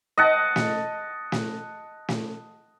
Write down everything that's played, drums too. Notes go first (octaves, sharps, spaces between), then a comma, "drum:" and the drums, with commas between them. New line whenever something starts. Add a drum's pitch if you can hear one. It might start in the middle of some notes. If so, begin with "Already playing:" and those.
D#5 F#5 A5
drum: snare
drum: snare
drum: snare